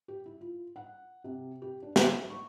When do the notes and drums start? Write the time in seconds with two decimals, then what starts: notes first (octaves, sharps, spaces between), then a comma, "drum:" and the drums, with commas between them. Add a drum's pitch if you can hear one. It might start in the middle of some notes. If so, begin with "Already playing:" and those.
0.08 G4
0.26 E4
0.41 F4
0.76 F#5
1.24 C3
1.62 G4
1.83 D4
1.96 D6, drum: snare
2.30 C#6